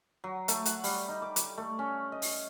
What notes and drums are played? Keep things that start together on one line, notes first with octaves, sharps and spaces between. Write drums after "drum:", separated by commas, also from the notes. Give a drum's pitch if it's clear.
F#3
A3, drum: hi-hat
F#5, drum: hi-hat
G3, drum: open hi-hat
D#4
D6
D6, drum: hi-hat
A3
C#4
D#5
drum: open hi-hat